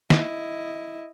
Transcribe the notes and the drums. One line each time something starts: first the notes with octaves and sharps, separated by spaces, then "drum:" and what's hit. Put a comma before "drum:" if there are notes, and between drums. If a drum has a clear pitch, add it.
E4 D#5, drum: snare